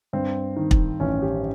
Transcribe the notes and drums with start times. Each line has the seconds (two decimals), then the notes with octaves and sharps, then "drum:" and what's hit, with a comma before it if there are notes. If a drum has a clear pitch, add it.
0.13 G2 C4
0.56 D#3
0.71 drum: kick
1.00 A1 C#4
1.22 G4